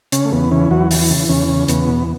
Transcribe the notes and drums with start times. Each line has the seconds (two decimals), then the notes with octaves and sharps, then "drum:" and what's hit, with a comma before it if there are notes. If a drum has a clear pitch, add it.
0.12 C#3 C#4, drum: hi-hat
0.25 A3
0.32 E2 B3
0.51 C#3 E3 C#4
0.71 E2 F#3 F#4
0.91 E3, drum: open hi-hat
1.10 C#3
1.29 E2 C#3 C#4
1.49 C#3
1.68 E2 B3, drum: hi-hat
1.87 B2